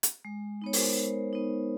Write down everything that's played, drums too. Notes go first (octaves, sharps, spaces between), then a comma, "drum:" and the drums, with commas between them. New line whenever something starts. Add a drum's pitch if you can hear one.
drum: hi-hat
G#3
B3 D#4 C#5
A#4 C5, drum: open hi-hat
G#3
B3 D#4